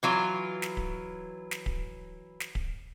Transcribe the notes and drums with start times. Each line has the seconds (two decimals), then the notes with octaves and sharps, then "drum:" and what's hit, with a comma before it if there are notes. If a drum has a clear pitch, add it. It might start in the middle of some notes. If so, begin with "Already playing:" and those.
0.03 E3 F#3 F4
0.62 drum: snare
0.77 drum: kick D1
1.51 drum: snare
1.66 drum: kick D1
2.40 drum: snare
2.55 drum: kick D1